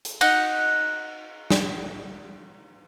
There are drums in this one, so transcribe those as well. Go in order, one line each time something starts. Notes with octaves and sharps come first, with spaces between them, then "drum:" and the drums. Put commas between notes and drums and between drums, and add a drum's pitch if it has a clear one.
drum: hi-hat
D#4 F#5, drum: cymbal
drum: snare